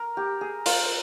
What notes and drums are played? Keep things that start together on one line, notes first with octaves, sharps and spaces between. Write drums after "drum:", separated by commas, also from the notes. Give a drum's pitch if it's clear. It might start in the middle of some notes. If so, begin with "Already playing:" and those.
Already playing: A#4
G4
G#4
F4, drum: open hi-hat